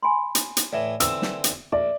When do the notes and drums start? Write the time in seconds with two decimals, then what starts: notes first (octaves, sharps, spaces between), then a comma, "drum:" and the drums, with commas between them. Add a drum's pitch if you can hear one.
0.03 G#5 B5 C6
0.35 drum: hi-hat
0.57 drum: hi-hat
0.73 A2 E3 D5 E5
1.00 D3 E3 C4 E6, drum: hi-hat
1.22 drum: snare
1.44 drum: hi-hat
1.72 A#1 D5 E5